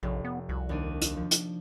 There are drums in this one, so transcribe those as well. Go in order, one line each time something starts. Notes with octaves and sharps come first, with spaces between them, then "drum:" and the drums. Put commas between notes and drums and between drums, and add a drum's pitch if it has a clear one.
F1 A#1
B3
C2 F#4
D#2 D4 D#7
drum: hi-hat
F3
drum: hi-hat